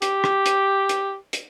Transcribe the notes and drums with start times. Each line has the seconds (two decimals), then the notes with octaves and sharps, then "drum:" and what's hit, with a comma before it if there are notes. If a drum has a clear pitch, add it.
0.02 G4, drum: hi-hat
0.24 drum: rim click
0.46 drum: hi-hat
0.89 drum: hi-hat
1.33 drum: hi-hat